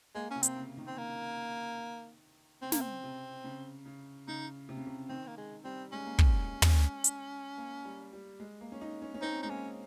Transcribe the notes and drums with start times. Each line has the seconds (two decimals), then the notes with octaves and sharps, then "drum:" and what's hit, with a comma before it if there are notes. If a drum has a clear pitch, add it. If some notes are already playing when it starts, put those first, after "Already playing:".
0.15 G#3 A#3
0.31 C3 C#4
0.43 C4, drum: hi-hat
0.57 C#3
0.77 D#3
0.87 C4
0.98 A#3
2.62 C#3 C4
2.72 A#3, drum: snare
2.81 C4
3.04 C3
3.44 C#3
3.86 C#3
4.28 C#3 D#4
4.69 C3
4.77 C#3
4.87 C3
5.09 D#3 C4
5.27 A#3
5.38 G#3
5.65 G3 C4
5.92 G#3 C#4
6.05 A#3
6.19 G#3, drum: kick
6.62 drum: tom
7.04 drum: hi-hat
7.57 A#3
7.85 G3
8.13 G3
8.40 G#3
8.61 A#3
8.72 C#4
8.81 D#4
9.02 C#4
9.14 C#4
9.22 C4 D#4
9.43 G#3 D#4
9.50 A#3 C#4